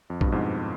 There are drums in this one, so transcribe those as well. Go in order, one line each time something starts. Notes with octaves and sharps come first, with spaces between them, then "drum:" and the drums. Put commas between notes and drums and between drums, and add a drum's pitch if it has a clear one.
F2
G2, drum: kick A1
B2
F2 G#2